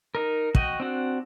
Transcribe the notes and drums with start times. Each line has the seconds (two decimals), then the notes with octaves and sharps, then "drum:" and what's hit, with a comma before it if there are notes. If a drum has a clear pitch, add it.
0.15 D#4 A#4
0.55 F#4 D#5 G5, drum: kick
0.80 C4 D4 F#4